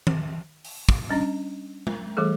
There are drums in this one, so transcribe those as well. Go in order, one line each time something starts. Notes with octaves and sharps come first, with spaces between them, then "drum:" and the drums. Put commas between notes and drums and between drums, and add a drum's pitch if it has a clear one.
drum: tom D#3
drum: open hi-hat
drum: kick
G3 C#4 D4 D#5
drum: tom G#3
E3 G3 A3 G#4 A4